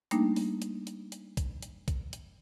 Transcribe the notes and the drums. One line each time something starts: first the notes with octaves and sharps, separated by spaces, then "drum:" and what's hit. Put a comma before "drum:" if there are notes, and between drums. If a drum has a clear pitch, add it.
G3 A3 A#3 D4 D#4, drum: hi-hat
drum: open hi-hat
drum: hi-hat
drum: hi-hat
drum: hi-hat
drum: kick, hi-hat
drum: hi-hat
drum: kick, hi-hat
drum: hi-hat